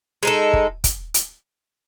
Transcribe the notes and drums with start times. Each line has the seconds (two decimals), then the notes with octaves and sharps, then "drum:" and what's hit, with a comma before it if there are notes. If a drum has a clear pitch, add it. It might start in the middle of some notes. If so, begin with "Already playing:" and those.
0.23 G#3 D#4 A4
0.53 drum: kick
0.84 drum: kick, hi-hat
1.14 drum: hi-hat